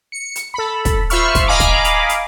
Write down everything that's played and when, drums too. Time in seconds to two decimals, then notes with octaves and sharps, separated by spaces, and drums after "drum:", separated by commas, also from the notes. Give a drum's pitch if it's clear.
0.12 C#7
0.36 drum: hi-hat
0.54 A4 B5
0.85 drum: kick, hi-hat
1.10 F4 C5 E5 B5 C#6 F6, drum: hi-hat
1.35 drum: kick, hi-hat
1.47 D#5 F5 G#5 A#5 B5 D6
1.60 drum: kick, hi-hat
1.85 drum: hi-hat
2.09 drum: hi-hat